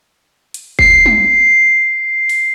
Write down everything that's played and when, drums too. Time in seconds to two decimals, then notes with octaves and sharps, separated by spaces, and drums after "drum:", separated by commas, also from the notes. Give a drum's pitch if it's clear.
0.54 drum: hi-hat
0.79 C7, drum: kick
1.06 drum: tom
2.29 drum: open hi-hat